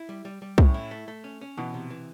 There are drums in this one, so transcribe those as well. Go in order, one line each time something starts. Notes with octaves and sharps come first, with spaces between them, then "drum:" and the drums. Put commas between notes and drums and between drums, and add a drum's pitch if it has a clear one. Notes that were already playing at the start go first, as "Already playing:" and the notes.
Already playing: E4
G3
G3
G3
A2 C#4, drum: kick
E4
A3
A3
C#4
C#4
B2 E3
C3
E3